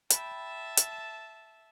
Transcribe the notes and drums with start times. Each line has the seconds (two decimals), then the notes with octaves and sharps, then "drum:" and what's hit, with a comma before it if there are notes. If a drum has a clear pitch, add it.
0.10 E5 G5 A5 B5, drum: hi-hat
0.77 drum: hi-hat